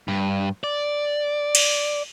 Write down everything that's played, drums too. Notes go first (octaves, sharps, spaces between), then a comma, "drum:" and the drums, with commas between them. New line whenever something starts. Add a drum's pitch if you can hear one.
G2
D5
drum: cymbal